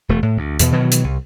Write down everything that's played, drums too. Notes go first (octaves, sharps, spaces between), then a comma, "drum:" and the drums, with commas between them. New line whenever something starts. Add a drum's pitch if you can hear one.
E1 A3
A2
D2
E2 B2, drum: hi-hat
B2 D#3 E3 F#3
drum: hi-hat
C2